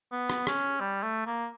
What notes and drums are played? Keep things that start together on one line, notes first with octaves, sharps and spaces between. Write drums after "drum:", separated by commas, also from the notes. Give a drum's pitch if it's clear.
B3
drum: rim click
C#4, drum: rim click
G3
A3
A#3